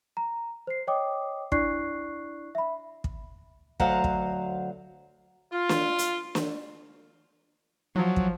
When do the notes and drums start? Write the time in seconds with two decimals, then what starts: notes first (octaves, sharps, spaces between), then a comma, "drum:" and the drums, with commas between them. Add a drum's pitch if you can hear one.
0.17 A#5
0.67 C5 C7
0.87 C#5 D#5 G5 D6 D#6
1.52 D4 E4 D5 C#6 F#6 C7, drum: kick
2.55 E5 B5
3.04 drum: kick
3.80 D2 F#3 C5 F5 F#5 A#5, drum: kick
4.04 drum: kick
5.52 F4
5.69 drum: snare
5.98 drum: hi-hat
6.35 drum: snare
7.96 F3 F#3
8.16 drum: kick